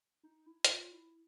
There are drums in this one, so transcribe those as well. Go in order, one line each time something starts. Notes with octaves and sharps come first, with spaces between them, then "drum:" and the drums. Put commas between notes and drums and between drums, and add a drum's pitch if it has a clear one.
D#4
E4
F#4, drum: hi-hat
F4
E4